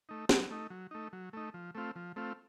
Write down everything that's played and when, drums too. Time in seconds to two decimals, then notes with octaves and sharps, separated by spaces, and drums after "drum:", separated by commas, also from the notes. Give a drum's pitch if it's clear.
0.09 A3 D#4
0.29 F#3, drum: snare
0.51 A3 D#4
0.70 F#3
0.91 A3 D#4
1.13 F#3
1.33 A3 D#4
1.54 F3
1.75 A3 C4 F4
1.96 F3
2.16 A3 C4 F4